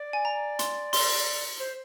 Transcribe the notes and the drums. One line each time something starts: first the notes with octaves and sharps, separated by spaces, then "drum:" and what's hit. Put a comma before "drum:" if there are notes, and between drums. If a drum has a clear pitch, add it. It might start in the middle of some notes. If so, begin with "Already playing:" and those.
Already playing: D5
G#5
A#5
C6, drum: hi-hat
C6, drum: open hi-hat
C5